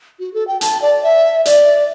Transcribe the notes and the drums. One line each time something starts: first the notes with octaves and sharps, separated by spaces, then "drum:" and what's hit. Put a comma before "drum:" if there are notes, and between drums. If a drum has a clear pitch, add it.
F#4
A4
G5
A5, drum: hi-hat
D5
E5
D5, drum: hi-hat